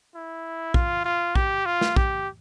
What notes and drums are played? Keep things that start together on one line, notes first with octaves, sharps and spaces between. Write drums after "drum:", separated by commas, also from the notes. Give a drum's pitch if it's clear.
E4
F4, drum: kick A#1
F4
G4, drum: kick A#1
F4
drum: snare
G4, drum: kick A#1